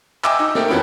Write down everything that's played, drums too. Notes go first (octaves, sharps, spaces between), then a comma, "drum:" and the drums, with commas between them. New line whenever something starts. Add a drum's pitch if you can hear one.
D#5 E5 G5 G#5 D6 E6, drum: clap
D#4
A3 A#4 G5, drum: snare
F2 E3 B3 C#4 B5 D7